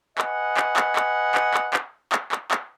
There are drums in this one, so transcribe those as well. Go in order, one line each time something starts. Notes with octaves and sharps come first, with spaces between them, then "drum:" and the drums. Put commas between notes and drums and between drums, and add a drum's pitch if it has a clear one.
B4 D#5 F#5 G#5, drum: clap
drum: clap
drum: clap
drum: clap
drum: clap
drum: clap
drum: clap
drum: clap
drum: clap
drum: clap